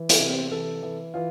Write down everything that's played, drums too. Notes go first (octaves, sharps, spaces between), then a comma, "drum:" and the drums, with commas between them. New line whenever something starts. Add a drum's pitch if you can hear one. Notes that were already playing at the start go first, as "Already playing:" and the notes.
Already playing: E3
E4, drum: hi-hat
C3
C4
E3 A4
E3
E3 F4